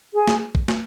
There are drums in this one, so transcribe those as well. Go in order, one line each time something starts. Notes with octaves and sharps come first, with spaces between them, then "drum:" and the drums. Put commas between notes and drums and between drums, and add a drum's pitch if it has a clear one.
G#4
drum: snare
drum: kick
drum: snare